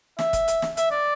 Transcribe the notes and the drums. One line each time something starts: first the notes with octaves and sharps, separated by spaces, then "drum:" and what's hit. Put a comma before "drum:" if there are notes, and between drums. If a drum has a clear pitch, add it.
E5, drum: snare
drum: kick, hi-hat
drum: hi-hat
drum: snare
E5, drum: hi-hat
D5